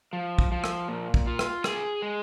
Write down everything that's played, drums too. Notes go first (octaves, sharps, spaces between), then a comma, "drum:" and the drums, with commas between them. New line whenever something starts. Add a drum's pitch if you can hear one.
F3
drum: kick
F3
drum: rim click
A#2
drum: kick
F4
drum: rim click
G#4, drum: rim click
G#3